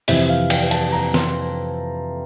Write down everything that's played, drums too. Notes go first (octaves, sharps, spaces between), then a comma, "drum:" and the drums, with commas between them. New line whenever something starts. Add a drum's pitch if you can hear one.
F2 C3 E3 E5, drum: open hi-hat
F5
G5, drum: cymbal
A5, drum: hi-hat
A#5
C6, drum: snare